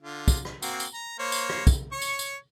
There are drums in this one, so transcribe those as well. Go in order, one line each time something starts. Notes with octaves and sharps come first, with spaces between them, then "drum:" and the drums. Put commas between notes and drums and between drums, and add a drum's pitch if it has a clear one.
D3 F4
drum: kick, tambourine
drum: rim click
A#3 C4 F#4, drum: tambourine
drum: tambourine
A#5
A#3 C5 C#5
drum: tambourine
drum: rim click
drum: kick, tambourine
C#5 C#6
drum: tambourine
drum: tambourine